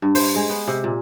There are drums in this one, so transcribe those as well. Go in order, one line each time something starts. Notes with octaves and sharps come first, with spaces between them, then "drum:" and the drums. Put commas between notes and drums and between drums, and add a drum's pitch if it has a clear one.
G2
C5, drum: open hi-hat
G#3
B3
C3
A#2